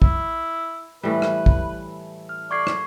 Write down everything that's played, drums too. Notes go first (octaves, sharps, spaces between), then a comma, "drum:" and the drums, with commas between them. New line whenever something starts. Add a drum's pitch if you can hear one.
E4, drum: kick
A2 E3 G3 A3 E4 B4
drum: rim click
drum: kick
F6
A4 D5 F#5 C#6 G#6 C7
drum: rim click